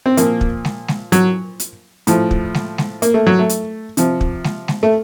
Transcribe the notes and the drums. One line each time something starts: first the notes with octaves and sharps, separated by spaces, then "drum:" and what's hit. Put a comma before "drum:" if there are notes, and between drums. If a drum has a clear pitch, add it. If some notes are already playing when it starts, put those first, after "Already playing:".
C4
A#2 F3 A#3, drum: hi-hat
drum: kick
drum: snare G#3
drum: snare G#3
F#3, drum: hi-hat
drum: hi-hat
A2 F3, drum: hi-hat
drum: kick
drum: snare G#3
drum: snare G#3
A#3, drum: hi-hat
A3
F#3
A3
drum: hi-hat
C3 F3, drum: hi-hat
drum: kick
drum: snare G#3
drum: snare G#3
A3